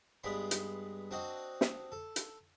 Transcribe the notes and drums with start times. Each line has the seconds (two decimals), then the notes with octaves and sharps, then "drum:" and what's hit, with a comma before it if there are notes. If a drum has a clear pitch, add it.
0.24 G2 G#3 B3 D5 B5 C6
0.51 drum: hi-hat
1.11 C4 D4 F#4 D#5
1.61 drum: snare
1.92 A4
2.16 drum: hi-hat